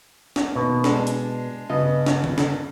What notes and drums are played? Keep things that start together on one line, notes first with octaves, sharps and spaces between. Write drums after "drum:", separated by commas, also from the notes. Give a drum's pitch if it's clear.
drum: snare
B2 D#3 A#3
G#3 D4, drum: snare
drum: hi-hat
G2 C#3 B3 D#5
drum: snare
drum: tom D3
drum: snare